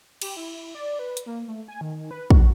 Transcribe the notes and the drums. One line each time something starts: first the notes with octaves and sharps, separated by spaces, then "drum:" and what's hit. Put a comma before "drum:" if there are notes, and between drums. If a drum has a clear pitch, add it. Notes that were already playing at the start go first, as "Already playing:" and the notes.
G4, drum: cymbal
E4
D5
B4
drum: hi-hat
A#3
A3
G#5
D#3
B4
F#4, drum: kick